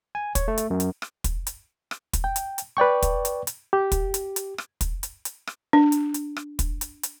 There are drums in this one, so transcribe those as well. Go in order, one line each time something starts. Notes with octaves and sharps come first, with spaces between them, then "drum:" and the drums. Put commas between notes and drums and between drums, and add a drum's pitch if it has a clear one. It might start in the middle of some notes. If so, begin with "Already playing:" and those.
G#5
C#5, drum: kick, hi-hat
A3
drum: hi-hat
F#2
drum: hi-hat
drum: rim click
drum: kick, hi-hat
drum: hi-hat
drum: rim click
drum: kick, hi-hat
G5
drum: hi-hat
drum: hi-hat
B4 D5 G5 C#6
drum: kick, hi-hat
drum: hi-hat
drum: hi-hat
G4
drum: kick, hi-hat
drum: hi-hat
drum: hi-hat
drum: rim click
drum: kick, hi-hat
drum: hi-hat
drum: hi-hat
drum: rim click
D4
drum: hi-hat
drum: hi-hat
drum: rim click
drum: kick, hi-hat
drum: hi-hat
drum: hi-hat